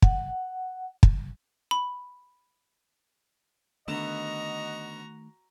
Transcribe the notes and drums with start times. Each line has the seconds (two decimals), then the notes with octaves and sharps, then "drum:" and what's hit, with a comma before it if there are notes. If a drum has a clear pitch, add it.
0.02 F#5, drum: kick
1.03 drum: kick
1.71 B5
3.88 D3 D#3 A3 B3 F#4 D#5 A#5 E7